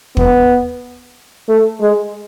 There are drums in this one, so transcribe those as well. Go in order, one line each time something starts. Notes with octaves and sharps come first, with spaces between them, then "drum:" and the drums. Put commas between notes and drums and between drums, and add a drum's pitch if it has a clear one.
B3, drum: kick
A3
G#3